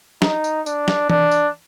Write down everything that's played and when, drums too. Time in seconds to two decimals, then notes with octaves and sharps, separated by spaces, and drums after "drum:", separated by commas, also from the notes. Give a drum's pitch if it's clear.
0.22 D#4, drum: snare
0.44 drum: tambourine
0.66 D4, drum: tambourine
0.88 drum: snare
1.10 D4, drum: tom E3
1.31 drum: tambourine